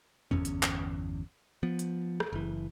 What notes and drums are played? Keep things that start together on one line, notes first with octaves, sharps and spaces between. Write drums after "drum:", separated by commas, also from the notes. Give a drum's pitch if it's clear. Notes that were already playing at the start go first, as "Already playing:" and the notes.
G1 E2 C#4, drum: tom E2
drum: hi-hat
drum: clap
F3 B3
drum: hi-hat
drum: rim click
F#1 E3